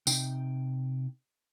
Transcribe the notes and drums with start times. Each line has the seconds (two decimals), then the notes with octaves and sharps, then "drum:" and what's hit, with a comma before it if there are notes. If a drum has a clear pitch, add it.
0.07 C3 D#4 G5, drum: tambourine